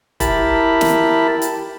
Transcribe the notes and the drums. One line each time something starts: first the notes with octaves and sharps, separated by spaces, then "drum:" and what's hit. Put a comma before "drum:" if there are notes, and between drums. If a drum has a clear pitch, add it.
E4 G4 A#4 A5 B5, drum: kick E1, hi-hat
drum: snare
drum: hi-hat